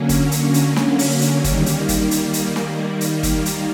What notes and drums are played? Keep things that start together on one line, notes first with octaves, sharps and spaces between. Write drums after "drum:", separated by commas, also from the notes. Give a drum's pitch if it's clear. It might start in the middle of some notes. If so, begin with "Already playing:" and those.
Already playing: D3 F#3 A#3 C#4
drum: kick, hi-hat
drum: hi-hat
drum: hi-hat
drum: snare
drum: open hi-hat
drum: hi-hat
D#3 G3 A#3, drum: kick, hi-hat
drum: hi-hat
drum: kick, hi-hat
drum: hi-hat
drum: hi-hat
drum: snare
drum: hi-hat
drum: kick, hi-hat
drum: hi-hat